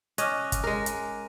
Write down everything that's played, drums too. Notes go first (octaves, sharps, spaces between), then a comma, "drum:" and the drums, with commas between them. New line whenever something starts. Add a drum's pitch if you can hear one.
C#4 D#5 D6 F6 F#6, drum: hi-hat
drum: kick, hi-hat
G#3 A#4
drum: hi-hat